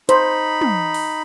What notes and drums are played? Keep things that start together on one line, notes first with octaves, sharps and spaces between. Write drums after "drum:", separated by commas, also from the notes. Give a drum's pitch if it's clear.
D#4 C5 B5, drum: hi-hat
drum: tom
drum: open hi-hat